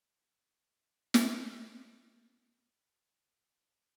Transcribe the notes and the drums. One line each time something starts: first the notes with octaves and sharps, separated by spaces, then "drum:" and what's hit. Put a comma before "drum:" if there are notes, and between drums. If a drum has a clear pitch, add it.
E3 F#4
drum: snare
C#3
F#4 A#4